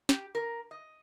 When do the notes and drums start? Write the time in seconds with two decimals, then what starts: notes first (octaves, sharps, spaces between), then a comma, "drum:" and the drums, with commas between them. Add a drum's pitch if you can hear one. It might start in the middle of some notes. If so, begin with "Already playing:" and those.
0.09 G4, drum: snare
0.35 A#4
0.71 D#5